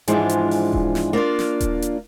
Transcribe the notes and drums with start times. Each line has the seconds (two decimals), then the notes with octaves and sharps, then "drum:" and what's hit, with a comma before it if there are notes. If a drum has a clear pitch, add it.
0.08 G#2 E3 F3 G#3 D4 F4, drum: hi-hat
0.29 drum: hi-hat
0.51 drum: open hi-hat
0.73 drum: kick D#1
0.95 drum: snare
1.13 A#3 D4 F4 D5
1.39 drum: snare
1.61 drum: kick D#1, hi-hat
1.82 drum: hi-hat